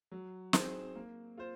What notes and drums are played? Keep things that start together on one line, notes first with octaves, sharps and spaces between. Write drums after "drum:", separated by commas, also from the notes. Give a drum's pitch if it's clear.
F#3
C4 D#4 G#4 C5, drum: snare
A#3
F4 C5